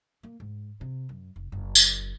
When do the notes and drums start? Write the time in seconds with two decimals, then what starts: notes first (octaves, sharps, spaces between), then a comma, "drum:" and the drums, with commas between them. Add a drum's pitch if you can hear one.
0.23 A#3
0.40 G#2
0.81 C3
1.09 F#2
1.36 F1
1.52 F#1
1.75 drum: tambourine